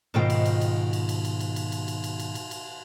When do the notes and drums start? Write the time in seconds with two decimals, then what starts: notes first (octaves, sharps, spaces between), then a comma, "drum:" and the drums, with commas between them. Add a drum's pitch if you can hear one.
0.14 G#2 B2 D#3 F4 C5 G5
0.30 drum: cymbal
0.46 drum: cymbal
0.61 drum: cymbal
0.93 drum: cymbal
1.09 drum: cymbal
1.25 drum: cymbal
1.40 drum: cymbal
1.56 drum: cymbal
1.72 drum: cymbal
1.88 drum: cymbal
2.04 drum: cymbal
2.20 drum: cymbal
2.35 drum: cymbal
2.51 drum: cymbal